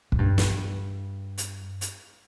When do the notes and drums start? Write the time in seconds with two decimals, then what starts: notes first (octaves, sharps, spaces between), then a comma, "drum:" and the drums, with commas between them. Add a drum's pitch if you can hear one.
0.12 A#2, drum: kick
0.19 G2
0.38 drum: snare
1.38 drum: hi-hat
1.81 drum: hi-hat